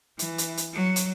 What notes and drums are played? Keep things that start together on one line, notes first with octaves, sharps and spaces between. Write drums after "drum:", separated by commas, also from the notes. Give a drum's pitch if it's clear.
E3, drum: hi-hat
drum: hi-hat
drum: hi-hat
F#3
drum: hi-hat